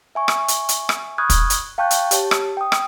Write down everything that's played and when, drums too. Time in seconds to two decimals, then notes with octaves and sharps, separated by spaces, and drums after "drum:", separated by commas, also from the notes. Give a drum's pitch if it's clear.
0.15 E5 G#5 C#6
0.28 drum: rim click
0.48 drum: hi-hat
0.69 drum: hi-hat
0.89 drum: rim click
1.18 B5 C#6 D#6 F6 F#6 G#6
1.30 drum: kick, hi-hat
1.50 drum: hi-hat
1.78 F5 G5 A5 C#6 F#6 G6
1.91 drum: hi-hat
2.11 G4 C#5 A5, drum: hi-hat
2.31 drum: rim click
2.57 G5 D#6
2.72 drum: rim click